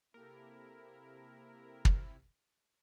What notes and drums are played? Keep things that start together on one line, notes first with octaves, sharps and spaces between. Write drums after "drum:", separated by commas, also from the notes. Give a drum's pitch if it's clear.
C3 A#3 E4 G4 A4 A#4
drum: kick